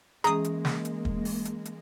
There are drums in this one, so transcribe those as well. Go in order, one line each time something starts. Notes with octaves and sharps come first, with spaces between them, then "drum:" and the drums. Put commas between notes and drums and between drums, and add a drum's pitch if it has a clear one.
E3 G#3 A#3 C#4 G#4 A#5 D#6, drum: hi-hat
drum: hi-hat
drum: snare
drum: hi-hat
drum: kick
drum: open hi-hat
drum: hi-hat
drum: hi-hat